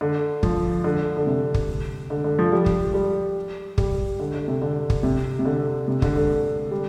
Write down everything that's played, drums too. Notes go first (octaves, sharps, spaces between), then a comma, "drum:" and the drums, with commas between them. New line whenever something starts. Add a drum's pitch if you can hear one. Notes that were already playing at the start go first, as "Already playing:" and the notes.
D3
F3, drum: kick
D3
D3
C3
drum: kick
D3
D3
F3
G3
drum: kick
G3
G3, drum: kick
D3
D3
C3
D3
drum: kick
C3
C3
D3
C3
D3, drum: kick
D3
G3